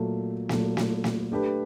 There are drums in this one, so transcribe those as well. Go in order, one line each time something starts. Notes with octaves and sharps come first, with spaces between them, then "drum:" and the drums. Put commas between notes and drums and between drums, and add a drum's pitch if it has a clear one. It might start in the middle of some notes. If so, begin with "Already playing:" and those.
Already playing: A#2 F#3 A3
A#2 F#3 A3, drum: snare
drum: snare
drum: snare
A3 D4 G4 B4